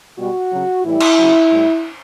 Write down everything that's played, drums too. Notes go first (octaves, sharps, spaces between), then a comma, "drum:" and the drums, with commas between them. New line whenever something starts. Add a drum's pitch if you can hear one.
B2 G3 F#4
C#3 F#3
A2 E3 G3 E4
drum: cymbal
C#3 F#3
A2 G3